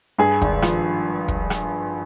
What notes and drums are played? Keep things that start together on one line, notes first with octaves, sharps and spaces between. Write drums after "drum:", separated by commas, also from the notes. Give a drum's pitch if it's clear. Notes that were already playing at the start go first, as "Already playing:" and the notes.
G2 G#4
G#1, drum: kick
F3, drum: rim click
drum: kick
drum: rim click